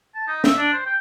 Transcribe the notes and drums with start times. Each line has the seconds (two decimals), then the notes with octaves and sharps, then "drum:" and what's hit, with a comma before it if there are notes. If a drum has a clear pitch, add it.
0.15 A5
0.27 D#4
0.44 E5, drum: snare
0.57 D4
0.73 C5
0.85 G5